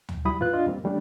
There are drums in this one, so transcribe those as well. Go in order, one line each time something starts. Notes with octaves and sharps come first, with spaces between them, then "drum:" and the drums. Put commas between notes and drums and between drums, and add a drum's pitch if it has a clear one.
drum: tom
C2 F#3 G3 E4 B5 D#6
E2 A2 F4 B4 F#6
D4 F4 D#5
E2 G3 A#3 C4
E3 G3 A3 C#4 D4